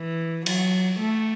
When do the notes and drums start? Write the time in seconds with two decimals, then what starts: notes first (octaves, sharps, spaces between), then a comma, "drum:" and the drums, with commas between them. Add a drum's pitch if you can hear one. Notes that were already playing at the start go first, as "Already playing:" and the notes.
Already playing: E3
0.46 F#3, drum: cymbal
1.00 A3